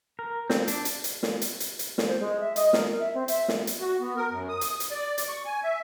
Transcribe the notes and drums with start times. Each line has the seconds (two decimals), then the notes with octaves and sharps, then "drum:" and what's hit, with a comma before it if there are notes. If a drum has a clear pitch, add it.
0.19 A#4
0.50 C4, drum: snare
0.68 D4, drum: hi-hat
0.85 drum: hi-hat
1.04 drum: hi-hat
1.23 drum: snare
1.42 drum: hi-hat
1.60 drum: hi-hat
1.79 drum: hi-hat
1.98 drum: snare
2.07 C5
2.20 G#3
2.40 E5
2.56 D#5, drum: hi-hat
2.73 A#4, drum: snare
2.99 E5
3.14 C4
3.28 E5, drum: hi-hat
3.48 drum: snare
3.67 drum: hi-hat
3.81 F#4
4.00 B3
4.16 A#4
4.31 F#2
4.49 D#6
4.61 drum: hi-hat
4.80 drum: hi-hat
4.91 D5
5.18 drum: hi-hat
5.29 C#6
5.45 G#5
5.63 E5